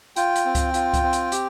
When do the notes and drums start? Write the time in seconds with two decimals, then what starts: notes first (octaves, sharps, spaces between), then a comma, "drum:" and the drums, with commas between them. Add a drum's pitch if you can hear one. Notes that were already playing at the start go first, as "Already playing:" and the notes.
0.16 F4 G5, drum: hi-hat
0.36 drum: hi-hat
0.45 C4
0.55 drum: kick C#2, hi-hat
0.74 F4, drum: hi-hat
0.93 drum: kick C#2, hi-hat
1.03 C4
1.13 drum: hi-hat
1.32 G4, drum: hi-hat